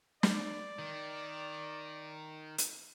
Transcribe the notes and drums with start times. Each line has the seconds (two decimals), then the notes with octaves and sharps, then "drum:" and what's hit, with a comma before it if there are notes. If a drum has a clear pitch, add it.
0.23 D5, drum: snare
0.79 D#3
2.58 drum: hi-hat